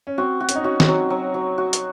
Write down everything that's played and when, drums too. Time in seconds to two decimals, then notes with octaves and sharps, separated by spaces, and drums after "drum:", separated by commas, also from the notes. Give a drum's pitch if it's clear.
0.07 C#4
0.18 C4 F#4
0.40 F#4
0.49 C#4, drum: hi-hat
0.55 D#4
0.63 C#4 F#4
0.80 C4, drum: snare
0.88 F#3
1.10 F#3
1.34 F#3
1.58 F#4
1.73 drum: hi-hat